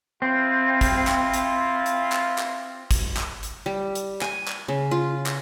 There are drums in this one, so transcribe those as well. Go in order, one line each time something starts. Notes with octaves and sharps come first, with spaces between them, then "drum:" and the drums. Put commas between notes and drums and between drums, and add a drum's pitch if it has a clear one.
C4 E4 F4
drum: kick, hi-hat
drum: clap
drum: hi-hat
drum: hi-hat
drum: clap
drum: clap
drum: kick, hi-hat
drum: clap
drum: hi-hat
G3
drum: hi-hat
G#5, drum: clap
drum: clap
C#3
F4
drum: clap